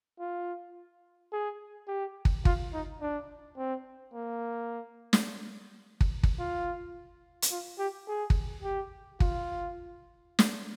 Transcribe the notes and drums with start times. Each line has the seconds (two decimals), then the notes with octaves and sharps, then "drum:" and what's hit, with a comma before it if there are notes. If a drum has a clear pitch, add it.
0.20 F4
1.33 G#4
1.88 G4
2.25 drum: kick
2.45 F4, drum: kick
2.73 D#4
3.01 D4
3.57 C4
4.13 A#3
5.13 drum: snare
6.01 drum: kick
6.23 drum: kick
6.39 F4
7.42 drum: hi-hat
7.52 F4
7.79 G4
8.08 G#4
8.30 drum: kick
8.64 G4
9.20 F4, drum: kick
10.39 drum: snare